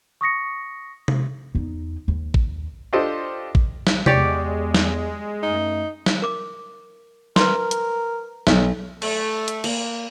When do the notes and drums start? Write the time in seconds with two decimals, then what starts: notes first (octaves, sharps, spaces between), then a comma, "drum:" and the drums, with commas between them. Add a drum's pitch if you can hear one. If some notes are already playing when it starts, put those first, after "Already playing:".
0.21 C#6 D#6 A#6 C#7
1.08 drum: tom C3
1.55 E2 D#4
2.08 D#2
2.34 drum: kick A1
2.93 D4 F4 G4 A4 C5 D#5
3.55 drum: kick A1
3.87 drum: snare
4.06 E2 G#3 G4 C#5 D5, drum: tom C3
4.74 drum: snare
5.43 F#2 A3 D#4
6.06 drum: snare
6.22 A#4 D6
7.36 A#4 B4 C6, drum: snare
7.71 drum: hi-hat
8.47 B1, drum: snare
9.02 A3, drum: cymbal
9.48 drum: hi-hat
9.64 A#3, drum: cymbal